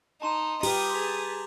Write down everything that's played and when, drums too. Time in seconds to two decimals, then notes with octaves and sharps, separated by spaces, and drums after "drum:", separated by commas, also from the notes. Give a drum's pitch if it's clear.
0.22 D#4 A5 C6 E7
0.63 F4 G4 B4 G5 A#5 D#6, drum: cymbal
0.94 G#4 B4 A5 B6 F7